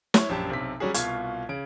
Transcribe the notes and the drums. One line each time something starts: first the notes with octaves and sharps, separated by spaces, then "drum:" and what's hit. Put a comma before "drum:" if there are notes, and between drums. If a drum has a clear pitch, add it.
E4 C#5, drum: snare
A#1 F#2 G4 A5
B1 C3 B6
F#3 G3 C#4 F#4 G#4
C2 B2 F4 F5 C#6 G#6, drum: hi-hat
C#3 D7